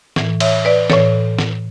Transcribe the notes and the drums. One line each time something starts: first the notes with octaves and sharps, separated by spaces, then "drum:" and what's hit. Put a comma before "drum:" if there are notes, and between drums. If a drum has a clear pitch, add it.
A2 E3, drum: snare
C#5 E5, drum: cymbal
B4 D5
A2 E3 A4 C#5, drum: snare
drum: snare